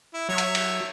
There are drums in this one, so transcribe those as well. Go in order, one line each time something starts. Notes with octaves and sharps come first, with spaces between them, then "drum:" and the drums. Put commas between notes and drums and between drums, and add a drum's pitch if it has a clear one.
E4
F#3 C#5 E5
drum: hi-hat
drum: cymbal